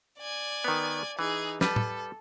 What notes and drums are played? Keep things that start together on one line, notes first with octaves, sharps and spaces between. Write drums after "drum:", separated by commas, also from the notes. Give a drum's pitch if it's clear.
D5 G#5
D#3 B3
E3 D#4 G#4
G3 A4 B4, drum: snare
drum: tom